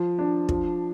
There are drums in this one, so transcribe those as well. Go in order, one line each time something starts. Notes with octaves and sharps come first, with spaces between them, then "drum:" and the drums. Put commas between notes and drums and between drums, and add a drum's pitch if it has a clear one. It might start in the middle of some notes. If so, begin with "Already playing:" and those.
Already playing: F3
D4
F3, drum: kick